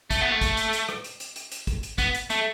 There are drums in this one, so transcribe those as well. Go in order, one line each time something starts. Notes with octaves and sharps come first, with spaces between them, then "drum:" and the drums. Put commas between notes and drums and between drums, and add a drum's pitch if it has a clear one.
A3, drum: kick, hi-hat
B3
A3
drum: kick, hi-hat
drum: hi-hat
drum: hi-hat
drum: rim click
drum: hi-hat
drum: hi-hat
drum: hi-hat
drum: hi-hat
drum: kick, hi-hat
drum: hi-hat
B3, drum: kick, hi-hat
drum: hi-hat
A3, drum: hi-hat